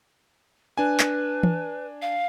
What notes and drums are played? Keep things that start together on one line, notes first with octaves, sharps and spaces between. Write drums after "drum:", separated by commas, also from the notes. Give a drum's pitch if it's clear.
D4 B4 G#5
drum: clap
drum: tom E3
F5